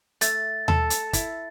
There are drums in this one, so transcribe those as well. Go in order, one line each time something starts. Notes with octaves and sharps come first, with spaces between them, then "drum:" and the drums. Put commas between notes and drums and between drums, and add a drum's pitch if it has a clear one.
A3 A6, drum: hi-hat
A4, drum: tom D#2
drum: hi-hat
E4, drum: kick, hi-hat